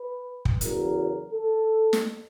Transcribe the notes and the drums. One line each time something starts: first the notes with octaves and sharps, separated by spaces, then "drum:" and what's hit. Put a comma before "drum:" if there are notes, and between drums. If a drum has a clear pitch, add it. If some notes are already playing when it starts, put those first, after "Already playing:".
Already playing: B4
drum: kick
E2 C#3 F#3 A#4, drum: hi-hat
A4
drum: snare